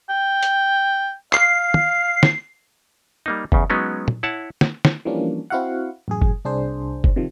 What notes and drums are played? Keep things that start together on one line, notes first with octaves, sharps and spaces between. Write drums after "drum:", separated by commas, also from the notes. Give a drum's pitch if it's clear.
G5
drum: hi-hat
F5 C7, drum: clap
drum: tom
drum: snare
G3 A#3 D#4
E2 C#3, drum: kick F#1
F#3 G#3 B3 C#4 D#4
drum: tom
E4 C#5 F#5 A5
drum: snare
drum: snare
E3 F3 G3 A#3 C#4 D4
C4 E4 F#4 F5 F#5
A1 F#2 G#4
drum: kick F#1
C2 D4 G#4 C5
drum: kick F#1
C3 D#3 F3